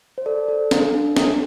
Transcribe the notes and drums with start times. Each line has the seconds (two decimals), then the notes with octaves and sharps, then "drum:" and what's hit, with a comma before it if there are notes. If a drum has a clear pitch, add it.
0.18 C5
0.26 A4 D5
0.48 A4
0.71 D4 F5, drum: snare
0.95 D4
1.16 A4 G5, drum: snare